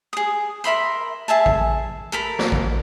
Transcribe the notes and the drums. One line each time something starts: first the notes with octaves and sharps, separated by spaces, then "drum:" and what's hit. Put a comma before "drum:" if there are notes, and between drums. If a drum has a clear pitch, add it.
G#4 D#6
A#4 E5 B5 C6
G#4 E5 G#5 A5
drum: kick A1
A4 A#4 B5
drum: snare
drum: kick A1